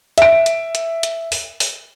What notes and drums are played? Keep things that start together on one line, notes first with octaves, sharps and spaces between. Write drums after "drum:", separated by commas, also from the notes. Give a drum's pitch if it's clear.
E5 D7, drum: hi-hat
drum: hi-hat
drum: hi-hat
drum: hi-hat
drum: open hi-hat
drum: open hi-hat